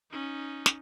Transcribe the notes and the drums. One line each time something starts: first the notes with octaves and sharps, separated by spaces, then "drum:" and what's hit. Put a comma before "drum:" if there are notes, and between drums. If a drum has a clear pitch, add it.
C#4 D#4
drum: snare